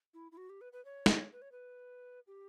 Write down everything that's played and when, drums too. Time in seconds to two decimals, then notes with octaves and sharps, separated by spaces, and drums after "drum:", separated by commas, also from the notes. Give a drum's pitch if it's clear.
0.14 E4
0.32 E4
0.37 F#4
0.49 G4
0.61 B4
0.73 B4
0.85 C#5
1.06 drum: snare
1.32 B4
1.42 C#5
1.52 B4
2.27 G4